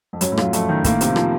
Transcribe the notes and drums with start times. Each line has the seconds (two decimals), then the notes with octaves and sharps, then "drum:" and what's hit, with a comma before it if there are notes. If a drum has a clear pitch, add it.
0.13 F2
0.21 F#2 C#4, drum: hi-hat
0.32 A2
0.38 F#2 F4, drum: rim click
0.53 F2 A3, drum: hi-hat
0.69 D#3
0.84 A2 A#3, drum: kick, hi-hat
1.01 C3 F4, drum: hi-hat
1.16 F3, drum: rim click